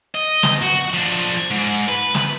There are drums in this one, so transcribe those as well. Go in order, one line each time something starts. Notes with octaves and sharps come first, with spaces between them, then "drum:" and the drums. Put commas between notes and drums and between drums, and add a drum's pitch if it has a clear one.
D#5
drum: snare
F#4
drum: hi-hat
F3 D4
drum: hi-hat
G#2
B4, drum: hi-hat
drum: snare